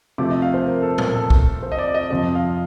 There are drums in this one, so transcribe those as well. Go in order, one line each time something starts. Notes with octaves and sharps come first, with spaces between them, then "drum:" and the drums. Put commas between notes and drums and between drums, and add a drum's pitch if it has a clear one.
C3 F3 A3 D6
D#5
F5
C5
A#4
A4
A#4, drum: tom
A4
drum: kick
C5
D#5
D5
D#5
F2 C3 F3 D#5
F5